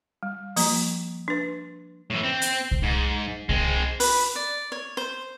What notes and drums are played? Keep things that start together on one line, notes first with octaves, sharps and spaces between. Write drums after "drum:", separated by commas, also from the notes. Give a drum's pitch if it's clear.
G3
F3 A#3 A#5, drum: open hi-hat
D4 B4
A2 E3
C4
drum: hi-hat
drum: kick C2
G#2
G#3 C4, drum: kick C2
B4, drum: open hi-hat
D5
C#5
C5